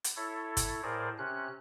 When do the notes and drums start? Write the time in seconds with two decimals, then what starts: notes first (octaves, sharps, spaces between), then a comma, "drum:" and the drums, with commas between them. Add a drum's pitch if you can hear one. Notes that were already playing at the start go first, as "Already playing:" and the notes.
0.04 drum: hi-hat
0.17 E4 A4 C#5
0.57 drum: kick G1, hi-hat
0.83 A2 G#4 A#4 C5 D5
1.18 C3 C#4 F#6